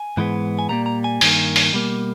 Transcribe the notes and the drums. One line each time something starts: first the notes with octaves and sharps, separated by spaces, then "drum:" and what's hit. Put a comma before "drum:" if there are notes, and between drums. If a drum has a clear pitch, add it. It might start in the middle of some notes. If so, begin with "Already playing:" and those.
Already playing: G#5
G#2 E3 G#3 B3
G#5
A#2 G3 A#3 A#5
A#5
G#5
G2 D#3 A#3, drum: open hi-hat
drum: open hi-hat
B2 G3 A#3